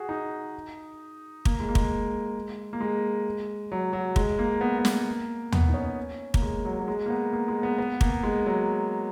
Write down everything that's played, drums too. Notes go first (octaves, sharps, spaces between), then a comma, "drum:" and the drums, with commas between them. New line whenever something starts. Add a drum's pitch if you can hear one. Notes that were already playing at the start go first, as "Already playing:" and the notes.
Already playing: F#4 G#4
D#4
A#3, drum: kick
G#3
A#3
G#3, drum: kick
A#3
G#3
F#3
F#3
G#3, drum: kick
A#3
B3
B3
A#3, drum: snare
B3, drum: tom
D#4
C#4
A#3, drum: kick
G#3
F#3
F#3
G#3
A#3
B3
A#3
G#3
B3
B3
A#3, drum: kick
G#3
F#3